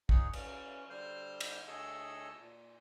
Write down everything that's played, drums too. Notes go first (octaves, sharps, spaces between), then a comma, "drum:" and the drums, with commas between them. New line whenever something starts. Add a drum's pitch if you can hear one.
D#4 G#4 C#5 F#5, drum: kick
E3 C#4, drum: cymbal
D3 G3 C5 C6 F6 G6
drum: cymbal
D2 G#4 A4 C#5 D#5 E6
A#2